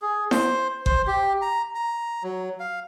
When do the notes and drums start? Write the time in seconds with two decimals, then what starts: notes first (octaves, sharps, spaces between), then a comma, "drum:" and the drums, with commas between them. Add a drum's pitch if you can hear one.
0.02 G#4
0.31 C5, drum: snare E4
0.86 C5, drum: kick G1
1.07 G4
1.42 A#5
1.75 A#5
2.23 F#3
2.60 F5